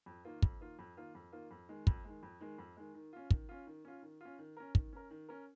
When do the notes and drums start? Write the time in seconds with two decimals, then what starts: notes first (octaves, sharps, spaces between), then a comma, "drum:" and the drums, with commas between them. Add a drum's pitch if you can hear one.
0.06 F2
0.25 D#3 A#3 F4
0.42 F2, drum: kick
0.61 D#3 A#3 F4
0.79 F2
0.97 D#3 A#3 F4
1.15 F2
1.33 D#3 A#3 F4
1.51 F2
1.69 D#3 G#3
1.87 F2, drum: kick
2.05 D#3 G#3
2.23 F2
2.40 D#3 G#3
2.58 F2
2.77 D#3 G#3
2.94 D#3
3.13 C#4 F4
3.31 D#3, drum: kick
3.49 C#4 F4
3.67 D#3
3.85 C#4 F4
4.02 D#3
4.21 C#4 F4
4.38 D#3
4.57 C#4 A#4
4.75 D#3, drum: kick
4.93 C#4 A#4
5.10 D#3
5.29 C#4 A#4